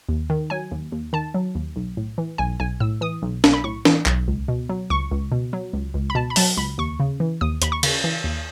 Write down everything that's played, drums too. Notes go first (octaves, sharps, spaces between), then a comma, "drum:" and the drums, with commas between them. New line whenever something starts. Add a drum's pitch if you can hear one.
D#2
D#3
F#3 G#5
D#2
D#2
D#3 A5
F#3
D#2
B1
A2
E3
B1 G#5
B1 G#5
A2 E6
E3 D#6
B1
B1, drum: snare
B5
A2 C#6
E3, drum: snare
B1, drum: clap
C#2
B2
F#3
C#2 C#6
C#2
B2
F#3
C#2
C#2
B5
B2 A5
B5
F#3 A5, drum: open hi-hat
C#2 B5
D#2 C#6
C#3
E3
D#2 D#6
D#2 B5, drum: hi-hat
C#6
C#3, drum: cymbal
E3
D#2